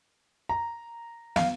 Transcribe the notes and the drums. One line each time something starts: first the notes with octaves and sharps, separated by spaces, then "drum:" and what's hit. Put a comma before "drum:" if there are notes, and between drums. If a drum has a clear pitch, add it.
A#5
F5, drum: snare